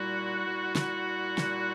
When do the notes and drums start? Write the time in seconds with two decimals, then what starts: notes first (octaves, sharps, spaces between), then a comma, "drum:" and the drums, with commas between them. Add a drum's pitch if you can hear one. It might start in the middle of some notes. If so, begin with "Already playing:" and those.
Already playing: A#2 G3 E4 F#4
0.44 A#2 G3
0.75 drum: snare
1.38 A#2 G3, drum: snare